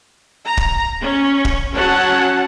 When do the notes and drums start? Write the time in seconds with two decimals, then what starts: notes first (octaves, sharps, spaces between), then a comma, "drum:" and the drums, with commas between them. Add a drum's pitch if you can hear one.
0.47 A#5
0.57 drum: kick
1.01 C#4
1.45 drum: kick
1.75 F#3 C#4 F#5 A5